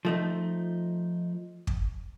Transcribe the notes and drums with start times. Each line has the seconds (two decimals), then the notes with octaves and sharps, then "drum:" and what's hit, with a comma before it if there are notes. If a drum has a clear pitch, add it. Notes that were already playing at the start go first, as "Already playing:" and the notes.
0.05 F3 A3 D#4
1.67 drum: kick